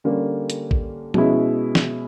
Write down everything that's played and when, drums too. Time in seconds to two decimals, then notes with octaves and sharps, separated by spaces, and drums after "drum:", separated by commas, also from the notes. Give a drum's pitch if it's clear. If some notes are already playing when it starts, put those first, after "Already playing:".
0.04 D3 G3 A#3 C#4
0.50 drum: hi-hat
0.71 drum: kick
1.14 B2 G#3 C#4 E4, drum: tom F3
1.75 drum: snare